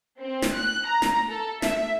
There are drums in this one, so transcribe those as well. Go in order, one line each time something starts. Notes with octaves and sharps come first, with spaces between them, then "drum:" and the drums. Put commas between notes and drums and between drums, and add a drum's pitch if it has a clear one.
C4
drum: snare
F#6
A#5
drum: snare
A4
E5, drum: snare